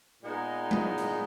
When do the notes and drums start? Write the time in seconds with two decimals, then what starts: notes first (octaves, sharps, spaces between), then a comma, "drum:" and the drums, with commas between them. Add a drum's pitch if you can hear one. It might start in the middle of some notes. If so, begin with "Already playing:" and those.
0.22 A#2 G#3 B3 D#4 G#4
0.71 drum: tom G3
0.98 drum: hi-hat